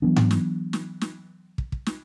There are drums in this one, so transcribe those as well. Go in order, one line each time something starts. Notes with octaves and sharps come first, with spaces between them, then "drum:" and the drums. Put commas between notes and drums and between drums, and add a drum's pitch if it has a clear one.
E3 F#3 B3 D4
drum: tom G#2
drum: snare
drum: snare
drum: snare
drum: kick
drum: kick
drum: snare